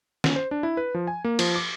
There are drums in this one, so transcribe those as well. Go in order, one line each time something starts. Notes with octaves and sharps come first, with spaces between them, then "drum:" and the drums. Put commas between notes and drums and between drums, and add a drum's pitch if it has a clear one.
C#4, drum: snare
C5
D4
E4
B4
F3
G#5
A#3
F3, drum: cymbal
D6